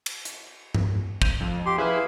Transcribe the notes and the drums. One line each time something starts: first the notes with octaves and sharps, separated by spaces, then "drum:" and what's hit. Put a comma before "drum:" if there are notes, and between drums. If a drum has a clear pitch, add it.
drum: cymbal
drum: hi-hat
drum: tom G2
G6 D#7 F7, drum: kick
F2
G4 C6
E4 G#4 B4 F5